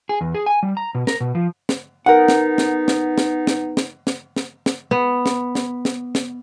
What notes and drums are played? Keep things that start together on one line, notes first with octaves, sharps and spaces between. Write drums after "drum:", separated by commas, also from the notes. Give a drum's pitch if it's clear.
G#4
E2
G#4
G#5
G3
A#5
B2
A#4, drum: snare
B2
F3
drum: snare
B3 D#4 A#4 F#5
drum: snare
drum: snare
drum: snare
drum: snare
drum: snare
drum: snare
drum: snare
drum: snare
drum: snare
B3
drum: snare
drum: snare
drum: snare
drum: snare